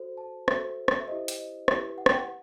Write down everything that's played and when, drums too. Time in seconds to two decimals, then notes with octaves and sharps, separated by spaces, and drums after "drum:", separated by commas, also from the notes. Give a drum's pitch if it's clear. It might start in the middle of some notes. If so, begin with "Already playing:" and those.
Already playing: F#4 A4 C5
0.17 A5
0.48 F#4 A4 C5 E5, drum: rim click
0.88 drum: rim click
1.00 E5
1.08 E4 G4 C5 D#5
1.28 drum: hi-hat
1.38 D#5
1.68 E4 G4 B4 E5, drum: rim click
1.98 F#5
2.06 G5, drum: rim click
2.13 F#5